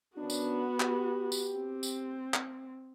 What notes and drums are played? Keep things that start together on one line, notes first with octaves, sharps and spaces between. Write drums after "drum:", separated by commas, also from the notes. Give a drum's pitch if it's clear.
D#3 B3 C#4 D4 F#4
drum: tambourine
G4, drum: clap
drum: tambourine
C4
drum: tambourine
drum: clap